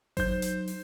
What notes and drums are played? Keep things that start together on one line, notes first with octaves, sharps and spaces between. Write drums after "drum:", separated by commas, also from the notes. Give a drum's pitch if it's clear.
F#3 D#4 C5 G6, drum: kick G#1, open hi-hat
drum: hi-hat
drum: open hi-hat